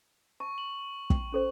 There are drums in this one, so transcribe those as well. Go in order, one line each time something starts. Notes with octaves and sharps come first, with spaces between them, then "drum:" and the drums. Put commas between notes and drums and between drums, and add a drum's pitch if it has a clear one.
A5 C#6
F#7
G5, drum: kick
C#4 A4 C5